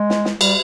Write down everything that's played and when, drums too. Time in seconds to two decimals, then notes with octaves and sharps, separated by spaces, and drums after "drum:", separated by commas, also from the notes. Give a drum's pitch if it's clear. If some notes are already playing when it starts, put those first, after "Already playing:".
Already playing: G#3
0.10 drum: snare
0.25 drum: snare
0.41 G3, drum: cymbal